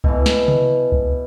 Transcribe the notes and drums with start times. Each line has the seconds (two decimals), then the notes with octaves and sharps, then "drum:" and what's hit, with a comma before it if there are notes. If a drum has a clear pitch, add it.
0.04 B2 E3, drum: kick C#2
0.26 drum: snare
0.48 drum: tom C3
0.92 drum: kick C#2